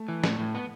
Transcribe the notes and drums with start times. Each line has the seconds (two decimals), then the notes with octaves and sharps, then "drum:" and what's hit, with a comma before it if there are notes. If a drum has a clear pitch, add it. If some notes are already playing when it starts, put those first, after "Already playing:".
Already playing: A3
0.08 E3
0.24 A2, drum: snare
0.39 A2
0.55 B3